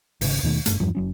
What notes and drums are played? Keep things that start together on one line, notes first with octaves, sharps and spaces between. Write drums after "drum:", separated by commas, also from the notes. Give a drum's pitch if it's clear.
G#1 C#3, drum: open hi-hat
D#2 B2 D#3 A3
F1 G2 A3, drum: hi-hat
E2 G2 F3 G3
F#1 F#3 C#4